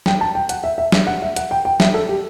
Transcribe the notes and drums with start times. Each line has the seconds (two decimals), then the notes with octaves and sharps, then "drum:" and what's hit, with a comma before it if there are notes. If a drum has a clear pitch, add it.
0.06 G5, drum: snare
0.21 A5
0.35 G5
0.49 F#5, drum: hi-hat
0.64 E5
0.78 E5
0.92 E5, drum: snare
1.07 F#5
1.22 E5
1.36 F#5, drum: hi-hat
1.51 G5
1.65 G5
1.80 E5, drum: snare
1.94 A4
2.09 G4